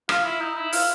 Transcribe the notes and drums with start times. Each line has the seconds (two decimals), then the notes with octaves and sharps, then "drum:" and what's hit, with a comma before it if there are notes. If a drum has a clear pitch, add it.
0.09 F4, drum: rim click
0.24 E4
0.41 D#4
0.56 E4
0.73 F4, drum: open hi-hat